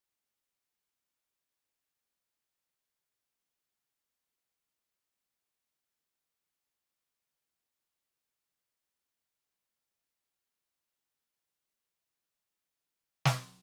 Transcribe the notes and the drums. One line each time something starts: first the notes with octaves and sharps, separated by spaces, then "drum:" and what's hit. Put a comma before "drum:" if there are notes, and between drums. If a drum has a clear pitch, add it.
A#4
F2 F4 A4
F1
G4 A#4
E3
A#2 A#4 D5
A#1
F3
E2
E1
E3
E5
A2 D5 F5
A1
E5 G5
F3
G2
F3
D3
D2 D5 F5
F3
D3
G2 D5 F5
G1
F3
C3
D2
E3
A#2 C5 E5
C2
A#4 D5
F3
E2 A4 C5
E1
E3
A#2 A#4 D5
A#1
C5 E5
F3
E2 A#4 D5
E1
A4 C5
E3
A2 G4 A#4
A#1
F3
D3
D2
F3
E2 F4 A4
F1
E3
A2 G4 A#4
A#1
E3
D3 A4 C5
E2
E5 G5
F3
D3 D5 F5
D2
G4 A#4
F3
drum: snare